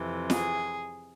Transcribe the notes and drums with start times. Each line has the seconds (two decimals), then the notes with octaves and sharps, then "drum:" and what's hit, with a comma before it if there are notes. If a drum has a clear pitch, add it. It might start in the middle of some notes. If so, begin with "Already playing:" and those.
Already playing: F2 C3 E3
0.30 G#4, drum: snare